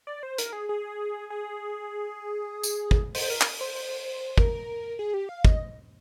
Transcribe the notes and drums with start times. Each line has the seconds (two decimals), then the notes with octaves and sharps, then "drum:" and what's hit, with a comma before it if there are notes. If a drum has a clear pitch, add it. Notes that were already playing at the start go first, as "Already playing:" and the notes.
0.07 D5
0.23 C5
0.38 A#4, drum: hi-hat
0.53 G#4
0.69 G#4
1.30 G#4
2.64 drum: tambourine
2.91 drum: kick
3.15 C5, drum: open hi-hat
3.30 A#4
3.41 drum: clap
3.61 C5
4.38 A#4, drum: kick
4.99 G#4
5.14 G4
5.29 F5
5.45 D#5, drum: kick